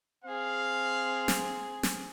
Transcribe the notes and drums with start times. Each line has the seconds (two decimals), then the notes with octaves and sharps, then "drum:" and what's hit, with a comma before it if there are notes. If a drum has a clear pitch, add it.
0.24 C4 G#4 F5
1.28 drum: snare
1.83 drum: snare